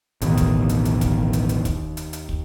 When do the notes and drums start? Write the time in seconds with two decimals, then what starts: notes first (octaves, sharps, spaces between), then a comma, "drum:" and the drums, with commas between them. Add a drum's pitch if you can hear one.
0.21 A1 D#2 B2, drum: hi-hat
0.37 drum: kick, hi-hat
0.69 drum: hi-hat
0.85 drum: hi-hat
1.01 drum: kick, hi-hat
1.33 drum: hi-hat
1.49 drum: hi-hat
1.65 drum: kick, hi-hat
1.97 drum: hi-hat
2.13 drum: hi-hat
2.29 drum: kick